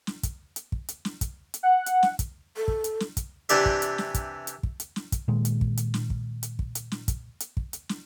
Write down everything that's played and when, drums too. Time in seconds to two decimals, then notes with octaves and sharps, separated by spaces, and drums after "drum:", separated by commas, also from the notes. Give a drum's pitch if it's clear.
0.07 drum: snare
0.23 drum: kick, hi-hat
0.56 drum: hi-hat
0.72 drum: kick
0.89 drum: hi-hat
1.05 drum: snare
1.21 drum: kick, hi-hat
1.54 drum: hi-hat
1.63 F#5
1.86 drum: hi-hat
2.03 drum: snare
2.19 drum: kick, hi-hat
2.57 A4
2.68 drum: kick
2.84 drum: hi-hat
3.00 drum: snare
3.17 drum: kick, hi-hat
3.49 C3 E3 D4 G4 D5 E5, drum: hi-hat
3.66 drum: kick
3.82 drum: hi-hat
3.98 drum: snare
4.14 drum: kick, hi-hat
4.47 drum: hi-hat
4.63 drum: kick
4.80 drum: hi-hat
4.96 drum: snare
5.12 drum: kick, hi-hat
5.28 A#2 D#3 G#3
5.45 drum: hi-hat
5.61 drum: kick
5.77 drum: hi-hat
5.94 drum: snare
6.10 drum: kick
6.43 drum: hi-hat
6.59 drum: kick
6.75 drum: hi-hat
6.92 drum: snare
7.08 drum: kick, hi-hat
7.40 drum: hi-hat
7.57 drum: kick
7.73 drum: hi-hat
7.89 drum: snare